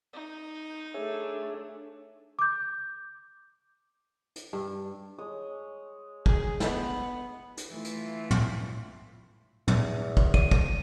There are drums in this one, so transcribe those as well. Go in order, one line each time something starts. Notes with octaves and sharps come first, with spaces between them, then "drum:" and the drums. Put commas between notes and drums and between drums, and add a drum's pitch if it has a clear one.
D#4
A3 D4 G#4 C#5 E5
D6 G6
drum: hi-hat
G2
G#3 C#5 D#6
G#4, drum: kick
B3, drum: snare
drum: hi-hat
E3 A3 F4
drum: hi-hat
drum: tom
E2, drum: tom
drum: kick
D#7, drum: kick
drum: kick